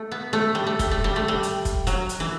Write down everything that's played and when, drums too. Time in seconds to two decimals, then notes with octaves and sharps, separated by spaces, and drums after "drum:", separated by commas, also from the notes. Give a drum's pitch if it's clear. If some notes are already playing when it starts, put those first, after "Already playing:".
Already playing: A3
0.12 B3
0.33 A3
0.55 G3
0.67 A3
0.79 G3, drum: kick, hi-hat
0.91 A3
1.04 G3
1.16 A3
1.28 G3
1.43 drum: hi-hat
1.65 drum: kick, hi-hat
1.87 F#3, drum: hi-hat
2.09 drum: hi-hat
2.20 E3